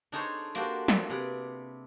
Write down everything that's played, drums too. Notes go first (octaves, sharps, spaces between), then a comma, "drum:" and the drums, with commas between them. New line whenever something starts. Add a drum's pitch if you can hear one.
D4 D#4 G#4 A4 C5 C#5
A#3 D4 F#4 G4 A4 C5, drum: hi-hat
drum: snare
C3 G#4 B4 D5